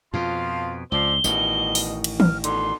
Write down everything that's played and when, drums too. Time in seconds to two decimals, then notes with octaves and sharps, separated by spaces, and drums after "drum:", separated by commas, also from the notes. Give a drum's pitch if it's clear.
0.14 F2 B2 F3 F4
0.92 C#2 F3 C4 D5 G7
1.24 A1 B2 D#3 G3 D#5, drum: tambourine
1.75 drum: open hi-hat
2.04 drum: cymbal
2.20 F6, drum: tom D#3
2.44 B2 D3 D#4 C6, drum: hi-hat